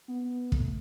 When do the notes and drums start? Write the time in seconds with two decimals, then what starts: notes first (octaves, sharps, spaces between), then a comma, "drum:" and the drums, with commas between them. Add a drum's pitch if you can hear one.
0.08 B3
0.52 A3, drum: kick